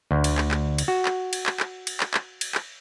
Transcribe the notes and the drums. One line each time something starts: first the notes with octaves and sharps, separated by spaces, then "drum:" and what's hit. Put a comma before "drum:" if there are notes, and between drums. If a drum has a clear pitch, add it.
D2
drum: cymbal
drum: clap
drum: clap
drum: cymbal
F#4
drum: clap
drum: cymbal
drum: clap
drum: clap
drum: cymbal
drum: clap
drum: clap
drum: cymbal
drum: clap